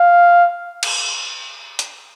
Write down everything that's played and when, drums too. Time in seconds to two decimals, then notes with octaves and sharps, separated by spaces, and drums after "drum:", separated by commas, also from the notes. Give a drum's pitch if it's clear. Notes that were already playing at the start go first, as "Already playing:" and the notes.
Already playing: F5
0.83 drum: cymbal
1.79 drum: hi-hat